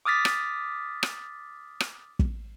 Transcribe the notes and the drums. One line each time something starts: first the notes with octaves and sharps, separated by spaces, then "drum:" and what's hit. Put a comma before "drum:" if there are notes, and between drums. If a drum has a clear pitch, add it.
D6 D#6 F6 A6 B6
drum: rim click
drum: rim click
drum: rim click
drum: kick